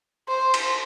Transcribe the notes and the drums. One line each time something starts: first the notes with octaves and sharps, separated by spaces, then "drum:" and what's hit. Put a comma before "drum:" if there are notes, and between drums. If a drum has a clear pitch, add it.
C5
drum: cymbal